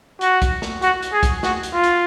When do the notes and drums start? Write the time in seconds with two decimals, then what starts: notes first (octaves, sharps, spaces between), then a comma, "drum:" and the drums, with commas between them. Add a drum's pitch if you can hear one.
0.21 F#4, drum: hi-hat
0.42 drum: kick, hi-hat
0.62 drum: snare
0.82 F#4, drum: hi-hat
1.03 drum: hi-hat
1.13 G#4
1.23 drum: kick, hi-hat
1.43 F#4, drum: snare
1.63 drum: hi-hat
1.74 F4
1.84 drum: hi-hat